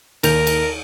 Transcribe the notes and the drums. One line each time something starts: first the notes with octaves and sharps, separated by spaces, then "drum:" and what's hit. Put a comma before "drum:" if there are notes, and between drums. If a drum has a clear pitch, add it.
D#2 A#4 G6 F7, drum: cymbal
drum: cymbal